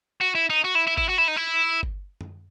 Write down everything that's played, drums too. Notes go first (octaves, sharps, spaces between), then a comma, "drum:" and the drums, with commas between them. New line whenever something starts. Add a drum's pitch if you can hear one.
F#4
E4
D#4
F#4
E4
E4
E4, drum: kick G1
F#4
E4
D#4
E4
drum: kick G1
drum: tom F#2